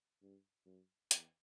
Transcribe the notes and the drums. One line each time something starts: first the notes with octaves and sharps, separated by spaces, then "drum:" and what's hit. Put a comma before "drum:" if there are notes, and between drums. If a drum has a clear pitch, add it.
G2
F#2
E2, drum: hi-hat